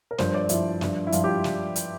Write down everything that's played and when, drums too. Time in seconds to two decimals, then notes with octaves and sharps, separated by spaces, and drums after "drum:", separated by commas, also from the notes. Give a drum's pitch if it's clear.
0.11 A#4
0.18 G2 F3 C5, drum: snare
0.34 D5
0.49 G2 F3 E4, drum: hi-hat
0.81 G2 F3, drum: snare
1.07 E4
1.12 G2 F3 F4, drum: hi-hat
1.24 G4
1.28 F4
1.44 drum: snare
1.76 drum: hi-hat